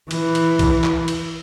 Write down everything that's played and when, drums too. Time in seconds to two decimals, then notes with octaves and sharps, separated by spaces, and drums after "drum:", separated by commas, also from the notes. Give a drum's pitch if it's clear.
0.11 E3, drum: cymbal
0.35 drum: cymbal
0.59 drum: kick B1, cymbal
0.84 drum: clap
1.08 drum: cymbal